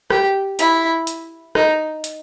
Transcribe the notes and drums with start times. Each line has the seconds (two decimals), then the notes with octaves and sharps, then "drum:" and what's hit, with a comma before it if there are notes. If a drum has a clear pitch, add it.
0.10 G4, drum: rim click
0.59 E4, drum: hi-hat
1.07 drum: hi-hat
1.55 D#4, drum: rim click
2.04 drum: hi-hat